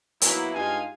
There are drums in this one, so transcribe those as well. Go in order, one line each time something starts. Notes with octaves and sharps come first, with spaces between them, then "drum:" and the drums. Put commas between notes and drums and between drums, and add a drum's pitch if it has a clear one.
F#3 A#3 B3 E4, drum: hi-hat
G2 G#3 D#4 F4 F5 G#5